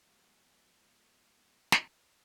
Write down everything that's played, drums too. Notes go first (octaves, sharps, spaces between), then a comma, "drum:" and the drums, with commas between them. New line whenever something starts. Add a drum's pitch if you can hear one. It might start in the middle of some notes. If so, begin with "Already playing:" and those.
F3 G#3 B3 F4 G4
drum: snare